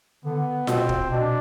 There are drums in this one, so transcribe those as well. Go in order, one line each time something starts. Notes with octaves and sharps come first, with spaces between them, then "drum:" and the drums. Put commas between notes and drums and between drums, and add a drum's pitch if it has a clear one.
D3 B3
B2 C4, drum: snare F4
drum: kick
B2 D4